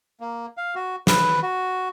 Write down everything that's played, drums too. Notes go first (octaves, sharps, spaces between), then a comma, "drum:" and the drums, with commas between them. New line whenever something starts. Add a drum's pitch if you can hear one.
A#3
F5
F#4
B4, drum: snare
F#4